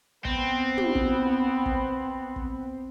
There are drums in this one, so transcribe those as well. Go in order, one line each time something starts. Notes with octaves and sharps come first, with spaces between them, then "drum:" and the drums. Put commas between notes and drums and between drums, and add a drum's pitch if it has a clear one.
B3 C4, drum: kick
drum: tom
drum: kick
drum: kick
drum: kick